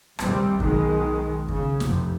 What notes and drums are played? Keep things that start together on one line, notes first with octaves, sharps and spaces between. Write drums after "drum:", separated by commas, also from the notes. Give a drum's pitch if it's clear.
D#2 C3 G3 C4, drum: rim click
B1 B2 D#3 G#3, drum: kick
C#3, drum: kick
F1 C3, drum: snare